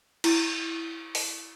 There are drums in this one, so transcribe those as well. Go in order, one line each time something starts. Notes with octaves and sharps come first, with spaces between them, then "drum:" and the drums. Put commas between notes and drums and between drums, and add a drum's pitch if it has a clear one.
E4, drum: cymbal
drum: open hi-hat